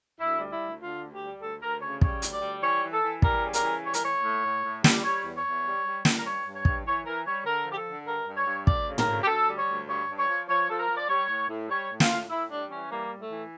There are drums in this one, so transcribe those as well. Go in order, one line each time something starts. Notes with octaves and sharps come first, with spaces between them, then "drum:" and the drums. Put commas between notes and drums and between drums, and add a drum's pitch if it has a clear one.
D2 E4
G3
E4
D2
D3 F4
D2
G4
G3
D2 A4
D2 A#4
C#3 C#5
G3 C#5, drum: kick
D2, drum: hi-hat
D5
G3
E3 C#5
E3
A4
E3
G3 A#4, drum: kick
C#3
A#4, drum: hi-hat
E3
G3 C#5
A#4, drum: hi-hat
A2 C#5
A2
A2
A2
G3, drum: snare
G3 C#5
E2
C#5
E2
G3
G3
G3, drum: snare
A#4
G2 C#5
G2
C#5
G2, drum: kick
E3 C#5
E3 A#4
G3 C#5
D3 A#4
F3 G4
A4
D3
G2 A#4
G2
C#5
G2
D2 D5, drum: kick
C#3
A#4, drum: tom
D2
G4
D2 A4
G3
C#5
D2
G2 C#5
G2
C#5
F3
F3 C#5
F3 A4
A#4
F3
D5
G3 C#5
A2
A2
G3 C#5
A2
F4, drum: snare
A2
A2 E4
G3 D4
E3 C#4
G3 A#3
A2
A3
E3